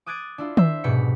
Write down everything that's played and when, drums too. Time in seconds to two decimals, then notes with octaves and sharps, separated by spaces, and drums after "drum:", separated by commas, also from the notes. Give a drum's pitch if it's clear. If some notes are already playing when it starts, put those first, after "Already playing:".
0.06 D6 D#6 F#6 G#6 A6 D7
0.38 D4 E4 F4
0.57 C5 E5, drum: tom D#3
0.84 F1 G#2 B2 G4 B5 C#7